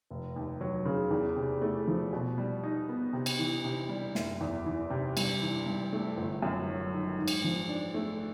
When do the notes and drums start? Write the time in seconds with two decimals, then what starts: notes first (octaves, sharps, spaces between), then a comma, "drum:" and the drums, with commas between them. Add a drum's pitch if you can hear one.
0.11 F1
0.36 D#2
0.61 F#3
0.85 C#3
1.11 E2
1.36 C3
1.62 A3
1.88 F3
2.13 B2
2.38 G3
2.63 D#4
2.88 B3
3.13 C3
3.26 drum: cymbal
3.39 E3
3.65 C3
3.89 G3
4.15 F#1, drum: snare
4.41 E2
4.65 E3
4.90 C3
5.17 G2, drum: cymbal
5.42 E3
5.66 G2
5.93 A3
6.17 G1
6.42 F#2
6.69 F#3
6.93 D#3
7.18 G#2
7.28 drum: cymbal
7.44 F3
7.69 D4
7.94 A3